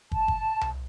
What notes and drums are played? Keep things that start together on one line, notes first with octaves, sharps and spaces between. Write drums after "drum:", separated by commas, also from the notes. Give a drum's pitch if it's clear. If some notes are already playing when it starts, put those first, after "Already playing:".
A5, drum: kick
drum: kick
drum: tom C2